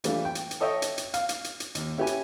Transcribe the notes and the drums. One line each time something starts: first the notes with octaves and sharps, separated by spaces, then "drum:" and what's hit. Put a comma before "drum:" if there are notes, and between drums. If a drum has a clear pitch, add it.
E3 G3 A3 D4 F4, drum: hi-hat
G5
drum: hi-hat
drum: hi-hat
A4 C#5 D#5 E5 G5
drum: hi-hat
drum: hi-hat
F5, drum: hi-hat
drum: hi-hat
drum: hi-hat
drum: hi-hat
D#2, drum: hi-hat
C#4 E4 G4 B4 G#5
drum: hi-hat